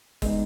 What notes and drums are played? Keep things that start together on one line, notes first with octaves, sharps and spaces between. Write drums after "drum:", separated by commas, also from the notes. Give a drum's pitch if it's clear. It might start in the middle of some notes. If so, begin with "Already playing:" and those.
G#3 B3 D#4, drum: kick, open hi-hat